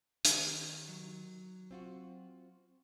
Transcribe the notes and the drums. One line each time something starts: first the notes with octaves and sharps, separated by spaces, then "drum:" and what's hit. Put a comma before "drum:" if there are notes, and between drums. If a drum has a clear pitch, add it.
D#3 G4, drum: hi-hat
F#3
C4 F4 F#4